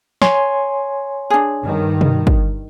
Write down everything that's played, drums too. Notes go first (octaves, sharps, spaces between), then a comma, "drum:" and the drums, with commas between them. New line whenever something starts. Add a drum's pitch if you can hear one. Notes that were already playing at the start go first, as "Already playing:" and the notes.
C#5 G#5 C6, drum: snare
D4 G#4
G2 D#3
drum: tom B2
drum: kick